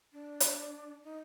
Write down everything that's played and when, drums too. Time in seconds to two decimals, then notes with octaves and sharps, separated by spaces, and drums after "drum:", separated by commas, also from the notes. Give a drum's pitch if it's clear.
0.13 D4
0.40 drum: hi-hat
1.04 D#4